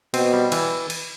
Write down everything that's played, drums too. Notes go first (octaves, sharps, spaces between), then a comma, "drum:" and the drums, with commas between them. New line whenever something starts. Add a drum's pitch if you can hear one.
B2 C4, drum: cymbal
G3
E3, drum: cymbal
drum: cymbal